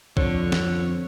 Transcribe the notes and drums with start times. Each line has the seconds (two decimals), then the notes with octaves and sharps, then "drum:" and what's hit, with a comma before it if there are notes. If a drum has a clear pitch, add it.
0.17 F2 D3 C#5, drum: kick B1
0.52 drum: snare